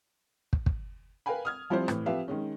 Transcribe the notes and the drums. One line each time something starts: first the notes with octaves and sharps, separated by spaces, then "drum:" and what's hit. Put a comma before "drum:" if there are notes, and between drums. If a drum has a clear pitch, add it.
drum: kick
drum: kick
A#4 B4 F5 G5 G#5 B5
D#6 F6 G#6
F3 G3 C4 E4 G4 C5
A2 E3, drum: rim click
F3 C4 G4 B4 E5 F5
D#3 G#3 C#4